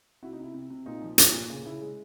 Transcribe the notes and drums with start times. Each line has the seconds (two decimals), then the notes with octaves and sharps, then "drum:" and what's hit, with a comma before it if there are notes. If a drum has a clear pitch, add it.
0.23 C3 E4 F#4
0.33 D#4
0.39 C3 E4
0.54 C3
0.70 C3
0.86 A#2 D#4 F4
1.02 F3
1.18 A#2, drum: hi-hat
1.34 A#2
1.50 C#3
1.66 C#3 E4
1.82 G#3